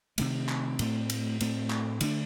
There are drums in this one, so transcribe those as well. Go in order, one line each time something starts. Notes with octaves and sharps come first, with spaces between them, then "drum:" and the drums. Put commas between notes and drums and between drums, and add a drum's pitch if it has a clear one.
C3 D#3 A3, drum: cymbal
drum: clap
A2 A3 C4, drum: cymbal
drum: cymbal
A2 A3 C4, drum: cymbal
drum: clap
D3 A3 D4, drum: cymbal